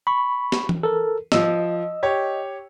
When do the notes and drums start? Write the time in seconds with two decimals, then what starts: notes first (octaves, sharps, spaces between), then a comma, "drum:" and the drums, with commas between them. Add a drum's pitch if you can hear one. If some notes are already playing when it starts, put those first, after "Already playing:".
0.07 B5 C#6
0.52 drum: snare
0.69 drum: tom E3
0.83 A4 A#4
1.32 F3 D#5 E6, drum: snare
2.03 G4 C#5